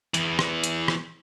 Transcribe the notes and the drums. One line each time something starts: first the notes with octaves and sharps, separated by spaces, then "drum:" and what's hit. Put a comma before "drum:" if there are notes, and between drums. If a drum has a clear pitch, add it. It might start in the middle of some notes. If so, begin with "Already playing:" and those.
E2 E3, drum: hi-hat
drum: rim click
drum: hi-hat
drum: rim click